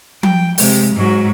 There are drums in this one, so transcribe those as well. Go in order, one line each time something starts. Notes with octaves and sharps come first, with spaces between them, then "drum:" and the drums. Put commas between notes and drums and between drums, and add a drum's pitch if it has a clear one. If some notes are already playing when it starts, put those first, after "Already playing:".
G5, drum: tom F3
C3 G#3, drum: open hi-hat
G#2 F#3